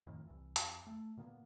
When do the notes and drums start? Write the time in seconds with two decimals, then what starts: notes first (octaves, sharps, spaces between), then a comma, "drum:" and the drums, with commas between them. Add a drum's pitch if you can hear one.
0.07 F2 A2 D#3
0.27 C2 E3
0.56 F2, drum: hi-hat
0.87 A3
1.17 A#2 D3 A#3 B3